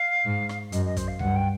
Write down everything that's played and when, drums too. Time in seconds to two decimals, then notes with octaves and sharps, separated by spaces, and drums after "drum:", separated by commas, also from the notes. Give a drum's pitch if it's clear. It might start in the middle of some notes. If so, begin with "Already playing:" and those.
Already playing: F5
0.26 G#2
0.49 drum: rim click
0.72 F#2 D#5, drum: hi-hat
0.85 D#5
0.97 C5, drum: kick, hi-hat
1.07 F5
1.19 G2 F#5, drum: tom C#2
1.35 G5